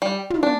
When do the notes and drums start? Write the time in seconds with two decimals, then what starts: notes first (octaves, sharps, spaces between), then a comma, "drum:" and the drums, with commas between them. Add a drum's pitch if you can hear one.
0.02 G3
0.30 drum: tom
0.43 D4